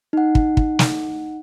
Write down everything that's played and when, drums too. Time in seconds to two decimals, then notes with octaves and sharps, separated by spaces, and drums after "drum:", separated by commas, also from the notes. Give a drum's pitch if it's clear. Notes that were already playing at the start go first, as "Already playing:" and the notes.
0.13 D#4 F#5
0.35 drum: kick
0.57 drum: kick
0.79 drum: snare